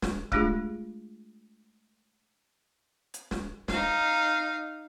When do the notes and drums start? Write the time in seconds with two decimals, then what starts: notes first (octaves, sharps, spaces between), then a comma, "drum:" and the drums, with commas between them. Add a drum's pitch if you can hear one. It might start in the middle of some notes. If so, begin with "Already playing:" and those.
0.02 drum: snare
0.32 G#3 A3 D4 F4 G4 G#4, drum: kick C#1
3.14 drum: hi-hat
3.31 drum: snare
3.68 D#4 F5, drum: snare